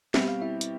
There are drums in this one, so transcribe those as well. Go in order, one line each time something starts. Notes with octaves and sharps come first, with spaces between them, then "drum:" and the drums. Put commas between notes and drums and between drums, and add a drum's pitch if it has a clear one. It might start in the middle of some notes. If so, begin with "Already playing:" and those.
B2 G3 C4 G4 E5, drum: snare
F5
E4 E5
drum: hi-hat